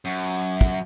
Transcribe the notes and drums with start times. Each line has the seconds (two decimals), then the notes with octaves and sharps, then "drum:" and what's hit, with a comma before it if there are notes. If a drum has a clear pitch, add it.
0.05 F#2
0.61 drum: kick